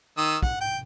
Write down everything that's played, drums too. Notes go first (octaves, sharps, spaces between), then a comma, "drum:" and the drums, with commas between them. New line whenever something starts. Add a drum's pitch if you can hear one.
D#3 D#6 E6
F#5, drum: kick
G5